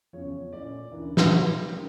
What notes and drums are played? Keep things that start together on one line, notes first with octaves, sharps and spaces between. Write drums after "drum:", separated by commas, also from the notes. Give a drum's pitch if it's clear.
E2 C#3 F3 C#5
A#2 A3 C#4 E4 D5
D2 C#3 E3 A#3 D4
drum: snare
C#3 G3 C#4 E4
C#3 G3 A#3 D4